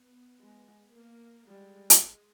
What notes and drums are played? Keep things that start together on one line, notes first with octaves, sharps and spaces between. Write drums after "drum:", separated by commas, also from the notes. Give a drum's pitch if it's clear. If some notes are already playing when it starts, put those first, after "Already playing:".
Already playing: B3
G#3
A#3
G3 G#3
drum: hi-hat